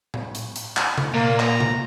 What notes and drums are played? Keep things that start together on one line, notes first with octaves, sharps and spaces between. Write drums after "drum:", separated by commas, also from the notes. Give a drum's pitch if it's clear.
drum: tom A2
drum: hi-hat
drum: hi-hat
drum: clap
drum: tom C3
A#2 A#3
A#5, drum: clap
drum: tom C3